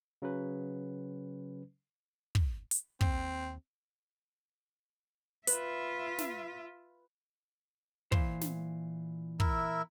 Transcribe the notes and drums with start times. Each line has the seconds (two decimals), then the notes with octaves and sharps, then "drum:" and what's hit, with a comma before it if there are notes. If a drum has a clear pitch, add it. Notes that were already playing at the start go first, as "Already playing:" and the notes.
0.22 C#3 F#3 C#4 B4
2.35 drum: kick
2.71 drum: hi-hat
3.01 D#2 C4, drum: kick
5.47 F4 B4 E5, drum: hi-hat
6.18 drum: snare
8.12 A#2 E3 C5, drum: kick
8.41 drum: snare
9.40 E4 A#4 E5, drum: kick